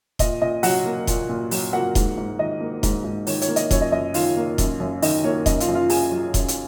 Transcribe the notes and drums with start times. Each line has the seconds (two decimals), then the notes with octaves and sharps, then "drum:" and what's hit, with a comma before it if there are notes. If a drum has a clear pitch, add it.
0.19 A#2 D#5, drum: kick D#1, hi-hat
0.42 A#2 D#5
0.63 F#3 F#4 F#5, drum: open hi-hat
0.85 A#3
1.07 A#2, drum: kick D#1, hi-hat
1.29 A#2
1.51 F#3, drum: open hi-hat
1.73 A#3 F#4 F#5
1.95 G#2, drum: kick D#1, hi-hat
2.17 G#2
2.39 D#3 D#5
2.60 A#3
2.83 G#2, drum: kick D#1, hi-hat
3.04 G#2
3.27 D#3 C#5, drum: open hi-hat
3.42 C#5, drum: hi-hat
3.48 A#3
3.56 D#5, drum: hi-hat
3.71 F#2 C#5, drum: kick D#1, hi-hat
3.81 D#5
3.92 F#2 D#5
4.14 D#3 F4 F5, drum: open hi-hat
4.36 A#3
4.58 F#2, drum: kick D#1, hi-hat
4.80 F#2
5.02 D#3 D#5, drum: open hi-hat
5.24 A#3 C#5
5.46 F#2 D#5, drum: kick D#1, hi-hat
5.60 F4 F5, drum: hi-hat
5.68 F#2
5.75 F4 F5
5.90 C#3 G#4 G#5, drum: open hi-hat
6.12 F#3
6.34 F#2, drum: kick D#1, hi-hat
6.48 drum: hi-hat